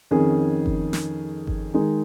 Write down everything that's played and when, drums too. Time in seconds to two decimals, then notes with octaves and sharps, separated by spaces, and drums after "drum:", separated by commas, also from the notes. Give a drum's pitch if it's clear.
0.11 F2 D#3 C#4 G#4
0.66 drum: kick G1
0.93 drum: snare
1.47 drum: kick G1
1.74 D#3 G#3 D#4 G#4